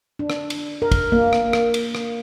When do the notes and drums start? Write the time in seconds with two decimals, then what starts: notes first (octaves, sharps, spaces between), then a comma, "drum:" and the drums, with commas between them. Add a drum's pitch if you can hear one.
0.19 D4
0.30 drum: rim click
0.50 drum: cymbal
0.82 A#4
0.91 drum: kick, cymbal
1.12 A#3
1.33 drum: rim click
1.53 drum: rim click
1.74 drum: cymbal
1.95 drum: rim click